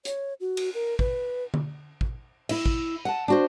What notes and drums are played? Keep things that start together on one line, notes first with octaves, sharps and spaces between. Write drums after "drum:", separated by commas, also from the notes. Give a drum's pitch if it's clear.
C#5, drum: hi-hat
F#4
drum: cymbal
A#4
B4, drum: kick
drum: tom D3
drum: kick
E4 E5, drum: cymbal
drum: kick
F#5 A5
D4 F#4 C5